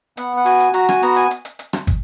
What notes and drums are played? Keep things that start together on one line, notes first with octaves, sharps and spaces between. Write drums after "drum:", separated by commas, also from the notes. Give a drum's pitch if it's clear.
B3 F#5, drum: hi-hat
F#5
F#4 G#5, drum: hi-hat
drum: hi-hat
F#4 A#5, drum: hi-hat
G#5, drum: rim click
B3 A#5, drum: hi-hat
G#5, drum: hi-hat
drum: hi-hat
drum: hi-hat
drum: hi-hat
drum: rim click
drum: kick, hi-hat